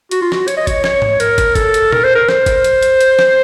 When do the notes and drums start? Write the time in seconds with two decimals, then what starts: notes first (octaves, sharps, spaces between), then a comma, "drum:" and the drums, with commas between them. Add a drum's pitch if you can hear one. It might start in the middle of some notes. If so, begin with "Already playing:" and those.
0.11 F#4, drum: hi-hat
0.22 F4
0.32 F#4, drum: snare
0.48 C#5, drum: hi-hat
0.57 D#5
0.67 C#5, drum: kick, hi-hat
0.84 C#5, drum: snare
1.02 drum: tom G#2
1.20 A#4, drum: hi-hat
1.38 drum: kick, hi-hat
1.55 A4, drum: kick, hi-hat
1.74 drum: hi-hat
1.92 A#4, drum: tom A#2
2.04 C5
2.15 A#4
2.29 C5, drum: snare
2.46 drum: kick, hi-hat
2.64 drum: hi-hat
2.83 drum: hi-hat
3.01 drum: hi-hat
3.19 drum: snare